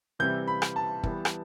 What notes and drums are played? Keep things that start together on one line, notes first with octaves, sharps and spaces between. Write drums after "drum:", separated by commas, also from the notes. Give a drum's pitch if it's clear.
C3 E3 G3 C4 E4 G6
B5
drum: rim click
A5
E3 G3 B3, drum: kick
drum: rim click